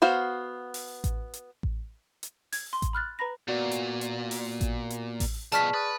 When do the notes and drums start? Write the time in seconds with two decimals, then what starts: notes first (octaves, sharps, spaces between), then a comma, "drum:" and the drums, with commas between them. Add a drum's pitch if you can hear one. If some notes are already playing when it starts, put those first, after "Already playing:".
0.02 B3 F#4 C5 F5
0.74 drum: open hi-hat
1.04 drum: kick A1, hi-hat
1.34 drum: hi-hat
1.63 drum: kick A1
2.23 drum: hi-hat
2.52 G#6, drum: open hi-hat
2.73 C6
2.82 drum: kick A1, hi-hat
2.93 B5 F6 F#6 A6
3.19 B4 A#5 B5 A#6
3.48 A#2 B3 F#4 D5
3.71 drum: hi-hat
4.01 drum: hi-hat
4.31 drum: open hi-hat
4.61 drum: kick A1, hi-hat
4.90 drum: hi-hat
5.20 drum: kick A1, open hi-hat
5.52 B2 F3 G#4 D5 A5 C#6 F6 B6, drum: hi-hat
5.74 B4 D#6 A6